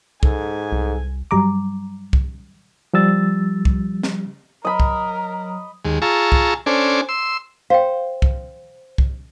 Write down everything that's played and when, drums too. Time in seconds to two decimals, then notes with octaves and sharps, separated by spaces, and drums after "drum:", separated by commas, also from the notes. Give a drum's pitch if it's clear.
0.23 G#2 A4 G#5, drum: kick C2
0.72 C2
1.31 G2 F#3 G3 A#5 D6
2.13 drum: kick C2
2.93 F3 G3 E6 A6
3.65 drum: kick C2
4.03 drum: snare
4.65 F#3 A#4 D#5 B5
4.80 drum: kick C2
5.85 D#2 G#3
6.02 F4 G#4 A5 A#5 C#6 E6
6.32 drum: kick C2
6.66 C#4 D4 A4 C5 G#5 D6
7.09 C6 E6
7.70 C5 F5 G5
8.22 drum: kick C2
8.98 drum: kick C2